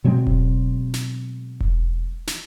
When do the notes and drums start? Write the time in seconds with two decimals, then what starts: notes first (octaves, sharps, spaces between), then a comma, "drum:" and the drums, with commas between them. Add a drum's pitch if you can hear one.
0.04 B2 F#3 G#3 C4
0.27 drum: kick E1
0.94 drum: snare
1.60 drum: kick E1
2.27 drum: snare